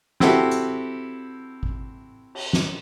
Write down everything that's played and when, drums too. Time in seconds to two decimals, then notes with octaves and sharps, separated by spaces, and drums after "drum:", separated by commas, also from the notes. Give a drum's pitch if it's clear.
0.20 C4 E4 F#4 G4 A4, drum: snare
0.51 drum: hi-hat
1.63 drum: kick G#1
2.35 drum: cymbal
2.53 drum: snare